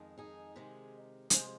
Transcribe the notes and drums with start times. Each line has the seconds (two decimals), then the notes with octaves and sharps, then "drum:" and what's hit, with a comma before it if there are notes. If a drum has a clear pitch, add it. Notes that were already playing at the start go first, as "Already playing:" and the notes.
Already playing: F2 D#3 G#3
0.18 D#4 G#4
0.56 C3 D#3 G#3
1.30 C3 F3 G#3 G#4 C5, drum: hi-hat